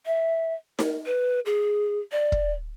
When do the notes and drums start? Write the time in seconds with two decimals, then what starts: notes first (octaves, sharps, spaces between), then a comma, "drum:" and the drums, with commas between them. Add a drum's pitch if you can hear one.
0.06 E5
0.79 A#4, drum: snare D#4
1.06 B4
1.46 G#4
2.12 D5
2.32 drum: kick